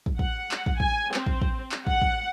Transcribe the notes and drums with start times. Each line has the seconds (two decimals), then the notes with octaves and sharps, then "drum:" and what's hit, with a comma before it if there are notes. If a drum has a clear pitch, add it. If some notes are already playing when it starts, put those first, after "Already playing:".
0.06 drum: kick
0.19 F#5, drum: kick
0.51 drum: clap
0.66 drum: kick
0.80 G#5, drum: kick
1.14 C4, drum: clap
1.26 drum: kick
1.41 drum: kick
1.72 drum: clap
1.87 F#5, drum: kick
2.02 drum: kick